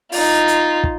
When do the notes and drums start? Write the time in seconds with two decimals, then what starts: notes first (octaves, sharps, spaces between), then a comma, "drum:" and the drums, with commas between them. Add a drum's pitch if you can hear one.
0.12 D#4 F4, drum: open hi-hat
0.48 drum: hi-hat
0.83 drum: kick